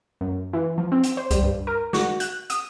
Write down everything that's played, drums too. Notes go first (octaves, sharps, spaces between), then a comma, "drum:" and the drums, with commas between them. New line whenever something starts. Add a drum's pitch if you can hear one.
F#2
E3
F3
C4
drum: hi-hat
C5
G3, drum: kick C2, hi-hat
G2
A#4
F#4, drum: snare
F#6, drum: hi-hat
D#6, drum: hi-hat